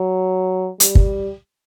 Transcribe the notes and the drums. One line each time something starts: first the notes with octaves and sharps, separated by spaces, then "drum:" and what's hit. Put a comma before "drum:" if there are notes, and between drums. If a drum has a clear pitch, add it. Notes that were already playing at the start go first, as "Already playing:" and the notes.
Already playing: F#3
G3, drum: hi-hat
drum: kick